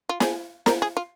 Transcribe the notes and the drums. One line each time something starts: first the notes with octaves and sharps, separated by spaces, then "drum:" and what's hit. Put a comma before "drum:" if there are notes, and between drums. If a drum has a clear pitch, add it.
F4
G#4, drum: snare
A#4, drum: snare
G#4
F4